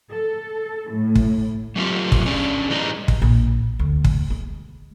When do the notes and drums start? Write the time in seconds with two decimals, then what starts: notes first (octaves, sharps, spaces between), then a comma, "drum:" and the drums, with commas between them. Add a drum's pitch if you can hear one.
0.10 A4
0.91 A2
1.15 drum: kick
1.76 F#3 A3 C4 F4 G4
2.12 drum: kick
2.26 C#4 D4 G#4 D5
2.70 E3 G3 G#3 D#4
3.08 drum: kick
3.22 A#1
3.79 D2
4.04 drum: kick
4.30 G#3